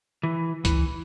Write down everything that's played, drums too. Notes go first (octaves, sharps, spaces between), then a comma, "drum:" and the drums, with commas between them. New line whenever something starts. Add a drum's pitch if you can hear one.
E3
E3, drum: kick C#2, hi-hat